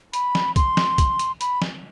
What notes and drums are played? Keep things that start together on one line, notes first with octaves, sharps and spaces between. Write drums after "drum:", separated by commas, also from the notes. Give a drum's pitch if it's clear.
B5, drum: hi-hat
drum: snare
C6, drum: kick, hi-hat
drum: snare
drum: kick, hi-hat
drum: hi-hat
B5, drum: hi-hat
drum: snare